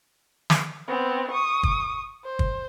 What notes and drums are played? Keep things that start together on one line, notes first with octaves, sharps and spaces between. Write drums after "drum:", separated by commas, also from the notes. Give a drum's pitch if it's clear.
drum: snare
B3 C4
C#6 D#6
drum: kick
C5
drum: kick